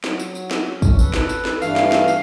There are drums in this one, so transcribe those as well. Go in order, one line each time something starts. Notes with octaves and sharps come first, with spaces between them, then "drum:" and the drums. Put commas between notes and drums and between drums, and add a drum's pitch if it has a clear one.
F#3, drum: snare
drum: tambourine
drum: tambourine
drum: snare
C#4
drum: kick, tambourine
A4 B4, drum: tambourine
drum: snare
drum: tambourine
drum: snare
G2 E3 A3 F5, drum: tambourine
drum: snare
drum: snare
drum: tambourine